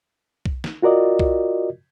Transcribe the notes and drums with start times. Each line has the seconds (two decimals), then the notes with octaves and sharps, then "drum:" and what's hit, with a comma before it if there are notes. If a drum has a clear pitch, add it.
0.46 drum: kick B1
0.64 drum: snare
0.82 F4 F#4 A#4 D5 D#5
1.19 drum: kick B1